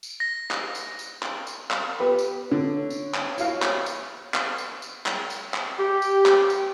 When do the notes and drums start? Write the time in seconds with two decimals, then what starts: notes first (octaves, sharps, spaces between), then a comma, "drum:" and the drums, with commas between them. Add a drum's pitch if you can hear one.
0.03 drum: tambourine
0.20 A#6
0.51 drum: clap
0.75 drum: tambourine
0.99 drum: tambourine
1.23 drum: clap
1.47 drum: tambourine
1.71 drum: clap
2.00 B3 G4 B4
2.19 drum: tambourine
2.52 D3 C#5
2.90 drum: tambourine
3.14 drum: clap
3.38 E4 F#4 F5, drum: tambourine
3.62 drum: clap
3.86 drum: tambourine
4.34 drum: clap
4.58 drum: tambourine
4.82 drum: tambourine
5.06 drum: clap
5.30 drum: tambourine
5.54 drum: clap
5.78 G4
6.02 drum: tambourine
6.26 drum: clap
6.50 drum: tambourine